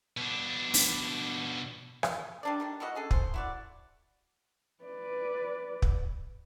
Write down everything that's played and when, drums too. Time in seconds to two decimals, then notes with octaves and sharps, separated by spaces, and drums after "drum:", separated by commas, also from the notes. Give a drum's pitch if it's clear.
0.17 B2 D4
0.74 drum: open hi-hat
2.03 drum: rim click
2.43 G3 D4 D5
2.60 D#3 G3 D4
2.80 G3 E4 F#4 D#5
2.95 C#4 G#4 A4
3.11 C5, drum: kick
3.34 E4 F#4 D5
4.84 B4 D5
5.82 drum: kick